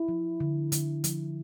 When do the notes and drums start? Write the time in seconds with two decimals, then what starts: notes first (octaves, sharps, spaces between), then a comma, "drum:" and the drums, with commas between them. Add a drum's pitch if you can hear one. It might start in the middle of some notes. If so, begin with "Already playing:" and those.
Already playing: E4
0.08 F3
0.40 D3
0.72 D3, drum: hi-hat
1.04 F3, drum: hi-hat